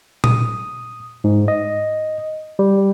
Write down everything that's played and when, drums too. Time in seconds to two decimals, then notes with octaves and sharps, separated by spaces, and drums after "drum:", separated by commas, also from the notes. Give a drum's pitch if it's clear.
0.24 D#6, drum: tom A#2
1.24 G#2
1.48 D#5
2.59 G3